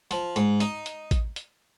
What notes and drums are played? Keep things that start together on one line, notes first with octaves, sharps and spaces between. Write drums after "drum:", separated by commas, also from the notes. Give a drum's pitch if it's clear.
F3, drum: hi-hat
G#2, drum: hi-hat
D#4, drum: hi-hat
drum: hi-hat
drum: kick A1, hi-hat
drum: hi-hat